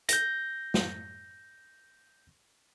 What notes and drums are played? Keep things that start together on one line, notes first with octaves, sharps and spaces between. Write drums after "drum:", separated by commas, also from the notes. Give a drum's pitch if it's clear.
G6 A#6, drum: hi-hat
drum: snare